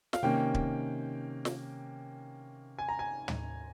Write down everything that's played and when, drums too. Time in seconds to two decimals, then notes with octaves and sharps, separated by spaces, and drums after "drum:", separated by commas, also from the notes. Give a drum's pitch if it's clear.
0.13 F5, drum: snare
0.23 C3 D#3 A#3 C#4 G5
0.54 drum: kick
1.45 drum: snare
2.79 G#5
2.89 A#5
2.99 G#5
3.28 drum: tom